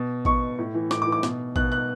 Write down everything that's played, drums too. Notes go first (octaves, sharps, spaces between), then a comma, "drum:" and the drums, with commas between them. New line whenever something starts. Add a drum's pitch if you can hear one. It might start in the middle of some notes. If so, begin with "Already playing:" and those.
Already playing: B2
B2 C#6, drum: kick A1
A2
E3
A2 D6, drum: snare
D6
E3
D6
B2, drum: snare
B2 F#6, drum: kick A1
F#6